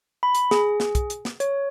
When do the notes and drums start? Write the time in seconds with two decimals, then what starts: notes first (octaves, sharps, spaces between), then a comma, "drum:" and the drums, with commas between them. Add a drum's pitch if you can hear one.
0.23 B5
0.35 drum: hi-hat
0.51 G#4, drum: snare
0.80 drum: snare
0.95 drum: kick, hi-hat
1.10 drum: hi-hat
1.25 drum: snare
1.40 C#5, drum: hi-hat